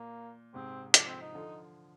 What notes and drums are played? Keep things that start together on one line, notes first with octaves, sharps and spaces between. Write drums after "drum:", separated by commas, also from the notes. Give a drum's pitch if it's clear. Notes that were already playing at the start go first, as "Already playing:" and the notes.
Already playing: A#2 A#3
G#2 C3 C4
D3 F3 D4, drum: hi-hat
C4
D#4
D3 F3